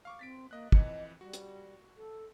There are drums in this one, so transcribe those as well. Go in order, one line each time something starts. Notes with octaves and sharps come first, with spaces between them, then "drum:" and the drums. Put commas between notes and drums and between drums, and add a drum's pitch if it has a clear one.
F5 C#6 D6
C4 A6 B6 D7
A#3 D#5 F#6
F2 E3 D#5 C#7, drum: kick
G3 F#4
drum: hi-hat
A4